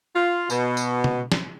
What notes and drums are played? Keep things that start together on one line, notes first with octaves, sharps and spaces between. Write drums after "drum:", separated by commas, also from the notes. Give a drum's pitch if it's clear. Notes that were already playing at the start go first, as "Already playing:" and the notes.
F4
B2, drum: tambourine
drum: tambourine
drum: tom B2
drum: snare